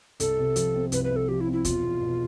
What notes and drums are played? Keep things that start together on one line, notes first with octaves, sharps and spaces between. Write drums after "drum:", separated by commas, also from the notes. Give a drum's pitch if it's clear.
C2 A4, drum: hi-hat
C3
F3, drum: hi-hat
C4
C2 B4, drum: hi-hat
B4
C3
A4
F3 G4
E4
C4
E4
E1 F4, drum: kick, hi-hat
E2
B2